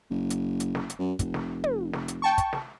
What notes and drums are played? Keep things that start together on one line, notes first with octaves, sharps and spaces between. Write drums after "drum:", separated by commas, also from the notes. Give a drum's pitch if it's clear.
F#1
drum: hi-hat
drum: hi-hat
drum: snare
drum: hi-hat
F#2
F1, drum: kick, hi-hat
drum: snare
drum: tom
drum: snare
drum: hi-hat
G5 A5 C#6
drum: kick, hi-hat
drum: snare